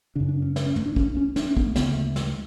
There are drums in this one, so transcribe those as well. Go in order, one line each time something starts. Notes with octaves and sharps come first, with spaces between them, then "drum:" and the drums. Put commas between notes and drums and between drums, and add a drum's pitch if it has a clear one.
F#2 C#3 D4
D4
C#4
drum: snare
C#4
A3, drum: tom
D4
C#4, drum: kick
C#4
D4, drum: snare
C#4
B3, drum: kick
A3
D2 C#3 B3, drum: snare
A3
G#3, drum: snare